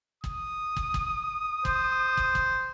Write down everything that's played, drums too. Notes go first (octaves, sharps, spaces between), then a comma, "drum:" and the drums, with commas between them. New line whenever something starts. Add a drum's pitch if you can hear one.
D#6, drum: kick
drum: kick
drum: kick
C5, drum: kick
drum: kick
drum: kick